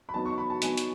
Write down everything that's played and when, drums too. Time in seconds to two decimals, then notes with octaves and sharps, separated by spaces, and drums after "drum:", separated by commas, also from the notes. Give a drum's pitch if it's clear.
0.09 B5
0.14 F#3 B3 D#4 A5
0.25 C#6
0.38 B5
0.50 A5
0.62 F#3 B3 D#4 G#5, drum: hi-hat
0.77 drum: hi-hat